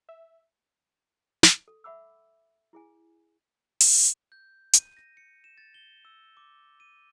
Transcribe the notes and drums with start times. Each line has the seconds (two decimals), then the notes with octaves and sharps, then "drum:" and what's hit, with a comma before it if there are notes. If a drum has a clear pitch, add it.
0.09 E5
1.43 drum: snare
1.68 A4
1.84 E5 F#5 B5 D6 E6
2.73 E4 G#4 G#5
3.81 drum: open hi-hat
4.32 G6
4.73 D#7, drum: hi-hat
4.97 A#6
5.17 C#7
5.44 E7
5.58 A6
5.74 G7
6.05 E6
6.37 D6
6.80 D#7